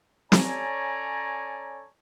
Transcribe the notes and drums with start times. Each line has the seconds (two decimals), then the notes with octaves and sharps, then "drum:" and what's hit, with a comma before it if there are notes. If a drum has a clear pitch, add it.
0.32 C#4 A4 C#5 D5 G#5 A#5, drum: snare